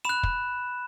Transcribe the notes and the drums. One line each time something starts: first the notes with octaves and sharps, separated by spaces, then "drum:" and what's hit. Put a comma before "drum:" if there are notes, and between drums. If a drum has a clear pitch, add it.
B5 F#6 E7
drum: kick